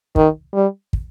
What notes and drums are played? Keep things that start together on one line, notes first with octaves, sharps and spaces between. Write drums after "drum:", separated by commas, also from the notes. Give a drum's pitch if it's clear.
D#3, drum: kick
G3
drum: kick